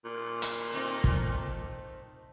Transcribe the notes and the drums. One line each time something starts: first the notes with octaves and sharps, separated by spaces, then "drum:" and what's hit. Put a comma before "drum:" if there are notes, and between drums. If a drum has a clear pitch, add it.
A#2
drum: hi-hat
A3 C4 D#4
drum: kick